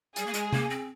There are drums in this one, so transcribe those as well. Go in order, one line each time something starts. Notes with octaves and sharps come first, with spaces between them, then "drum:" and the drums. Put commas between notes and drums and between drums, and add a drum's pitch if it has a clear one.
G3 G#4, drum: hi-hat
A#3
G#3, drum: hi-hat
A#3, drum: tom C3
C4